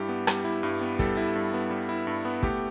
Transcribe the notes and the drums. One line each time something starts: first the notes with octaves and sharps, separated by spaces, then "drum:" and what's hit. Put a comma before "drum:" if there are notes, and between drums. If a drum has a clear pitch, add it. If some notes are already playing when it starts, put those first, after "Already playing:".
Already playing: G2 G3 E4 G4
B3
G3, drum: rim click
E4
G2
B3
G3 A4, drum: kick
E4
G2
B3
G3
E4
G2
B3
A3 G4, drum: kick